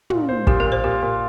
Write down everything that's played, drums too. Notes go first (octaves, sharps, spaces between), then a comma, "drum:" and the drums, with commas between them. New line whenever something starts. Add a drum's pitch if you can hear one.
A#2, drum: tom
C5
A#2 G4, drum: kick
A#4
A#2
C5
A#2 G4
A#2